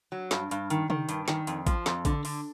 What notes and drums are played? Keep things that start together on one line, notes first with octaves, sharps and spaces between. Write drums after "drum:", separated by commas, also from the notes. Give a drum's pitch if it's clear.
F#3
G2, drum: snare
G2, drum: hi-hat
D#3, drum: hi-hat
D#3, drum: tom
G2, drum: hi-hat
D#3, drum: snare
F2, drum: hi-hat
F3, drum: kick A1, hi-hat
F2, drum: snare
D3, drum: kick A1, hi-hat
D3, drum: open hi-hat